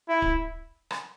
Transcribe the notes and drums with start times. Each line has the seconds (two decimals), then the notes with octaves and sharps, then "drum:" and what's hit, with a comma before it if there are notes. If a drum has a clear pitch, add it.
0.09 E4
0.22 drum: kick D1
0.91 drum: rim click